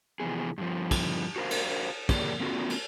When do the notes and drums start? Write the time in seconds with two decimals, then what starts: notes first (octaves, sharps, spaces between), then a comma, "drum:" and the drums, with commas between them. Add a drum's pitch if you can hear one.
0.20 C3 E3 F3 B3 G#4
0.58 G2 F3
0.91 drum: kick, cymbal
1.36 F#4 A#4 C5 F5
1.51 drum: cymbal
2.09 F2 A#3 G4 G#4 C#5 D5, drum: kick, cymbal
2.40 A3 B3 C#4 F4 F#4
2.70 drum: cymbal